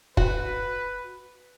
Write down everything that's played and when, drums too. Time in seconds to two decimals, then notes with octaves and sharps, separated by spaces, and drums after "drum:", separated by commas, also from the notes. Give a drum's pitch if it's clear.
0.17 F#4 B4, drum: kick